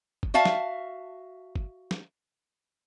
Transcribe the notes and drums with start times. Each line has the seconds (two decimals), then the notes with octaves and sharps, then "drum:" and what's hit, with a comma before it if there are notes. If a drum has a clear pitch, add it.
0.23 drum: kick
0.34 F#4 E5 F5 A5
0.45 drum: snare
1.56 drum: kick
1.91 drum: snare